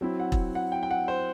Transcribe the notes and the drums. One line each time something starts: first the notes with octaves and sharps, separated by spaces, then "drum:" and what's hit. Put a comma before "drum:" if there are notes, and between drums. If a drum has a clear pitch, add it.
F#3 C4 E4
F#5
drum: kick E1
F#5
G5
G5
F#5
C5